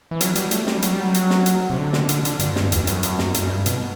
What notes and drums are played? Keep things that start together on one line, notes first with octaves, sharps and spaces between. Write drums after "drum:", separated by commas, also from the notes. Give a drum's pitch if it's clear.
E3
F#3, drum: hi-hat
G3, drum: hi-hat
A3, drum: hi-hat
G3, drum: snare
F#3, drum: hi-hat
G3
F#3
drum: hi-hat
drum: snare
drum: hi-hat
C3
D3
drum: snare
D3, drum: hi-hat
D3, drum: hi-hat
G2, drum: hi-hat
drum: snare
E2, drum: hi-hat
G2
F#2, drum: hi-hat
drum: hi-hat
drum: snare
G2, drum: hi-hat
B2, drum: hi-hat